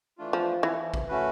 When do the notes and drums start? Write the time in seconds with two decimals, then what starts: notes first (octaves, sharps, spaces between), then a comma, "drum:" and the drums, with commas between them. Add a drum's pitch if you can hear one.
0.18 E3 A3 D4 F4
0.33 F3
0.63 E3 F3
0.94 drum: kick A1
1.09 A3 C#4 F#4 B4